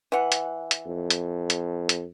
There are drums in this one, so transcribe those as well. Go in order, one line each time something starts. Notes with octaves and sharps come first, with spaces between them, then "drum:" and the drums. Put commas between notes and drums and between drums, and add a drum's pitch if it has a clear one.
E3 F#5
drum: hi-hat
drum: hi-hat
F2
drum: hi-hat
drum: hi-hat
drum: hi-hat